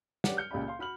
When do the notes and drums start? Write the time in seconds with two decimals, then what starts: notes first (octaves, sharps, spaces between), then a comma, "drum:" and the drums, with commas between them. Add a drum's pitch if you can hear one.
0.24 G4 B4 C#5 D5 F#5, drum: snare
0.37 F6 G6 C#7
0.51 C#2 A#2 F4 G4 D5 B5
0.68 F5 C6
0.79 F#4 B5 F6 F#7